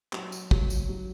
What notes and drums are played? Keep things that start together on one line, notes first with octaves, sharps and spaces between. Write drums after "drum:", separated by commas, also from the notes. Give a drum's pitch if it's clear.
F#3, drum: clap
drum: tambourine
F#3, drum: kick
drum: tambourine
F#3